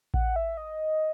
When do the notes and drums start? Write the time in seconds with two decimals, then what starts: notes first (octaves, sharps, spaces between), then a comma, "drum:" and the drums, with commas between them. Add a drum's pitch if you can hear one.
0.14 F#5, drum: kick A1
0.36 E5
0.57 D#5